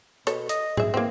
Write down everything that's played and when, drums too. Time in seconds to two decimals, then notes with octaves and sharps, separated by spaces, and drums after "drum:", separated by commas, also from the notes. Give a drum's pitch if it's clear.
0.27 B2 A4 C#5, drum: hi-hat
0.49 D#5, drum: hi-hat
0.77 G#4 E5, drum: tom G#2
0.94 E3 A#3 C4